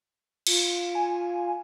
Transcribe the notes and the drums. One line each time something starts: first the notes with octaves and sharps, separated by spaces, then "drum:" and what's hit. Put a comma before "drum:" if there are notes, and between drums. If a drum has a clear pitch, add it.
F4, drum: cymbal
G#5